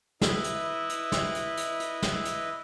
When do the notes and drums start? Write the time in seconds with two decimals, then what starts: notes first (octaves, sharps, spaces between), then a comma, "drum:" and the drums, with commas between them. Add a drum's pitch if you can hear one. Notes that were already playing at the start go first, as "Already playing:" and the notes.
0.21 E4 B4 D#5 E5, drum: snare
0.44 drum: hi-hat
0.89 drum: hi-hat
1.12 drum: snare
1.35 drum: hi-hat
1.57 drum: hi-hat
1.80 drum: hi-hat
2.02 drum: snare
2.25 drum: hi-hat